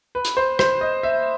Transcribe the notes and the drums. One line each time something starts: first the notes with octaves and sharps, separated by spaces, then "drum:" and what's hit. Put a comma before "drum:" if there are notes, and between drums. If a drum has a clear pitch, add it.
B4
drum: hi-hat
C5
C5, drum: rim click
D#5
E5